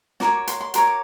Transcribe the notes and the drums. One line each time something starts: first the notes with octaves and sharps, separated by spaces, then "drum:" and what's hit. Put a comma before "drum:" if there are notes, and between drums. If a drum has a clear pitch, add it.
F#4 A#4 C#5 D6, drum: snare
C6, drum: hi-hat
C6
F#4 A#4 C#5 C6, drum: hi-hat
D6